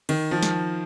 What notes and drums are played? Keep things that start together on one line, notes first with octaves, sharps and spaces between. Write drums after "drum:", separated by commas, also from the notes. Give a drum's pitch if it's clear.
D#3, drum: cymbal
F3
drum: snare